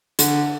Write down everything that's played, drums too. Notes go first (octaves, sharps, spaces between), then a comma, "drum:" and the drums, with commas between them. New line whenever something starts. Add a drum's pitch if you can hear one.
D3, drum: hi-hat